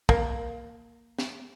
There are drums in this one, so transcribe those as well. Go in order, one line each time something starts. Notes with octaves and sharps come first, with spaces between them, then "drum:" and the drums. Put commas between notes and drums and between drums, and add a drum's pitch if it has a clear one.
A#3, drum: kick
drum: snare